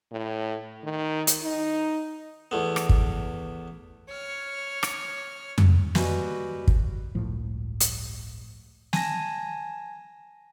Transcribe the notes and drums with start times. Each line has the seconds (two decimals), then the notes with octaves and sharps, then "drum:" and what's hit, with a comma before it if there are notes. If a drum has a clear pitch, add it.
0.11 A2
0.84 D#3
1.27 drum: hi-hat
1.43 D#4
2.51 E2 A3 B3
2.76 drum: rim click
2.89 drum: kick
4.09 C#5 F6
4.83 drum: rim click
5.58 drum: tom F2
5.95 D#2 G3 F#4 B4 D#5 G#5, drum: snare
6.68 drum: kick
7.15 G1 C#2 A2 F3
7.80 drum: hi-hat
8.93 G#5 A5 A#6, drum: snare